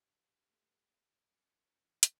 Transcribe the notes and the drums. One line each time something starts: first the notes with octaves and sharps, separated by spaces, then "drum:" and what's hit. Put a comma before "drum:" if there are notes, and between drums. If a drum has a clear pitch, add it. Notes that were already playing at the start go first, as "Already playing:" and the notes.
Already playing: G2 A3
A3
A3
F#2 F#3
F3
E3
C#3, drum: hi-hat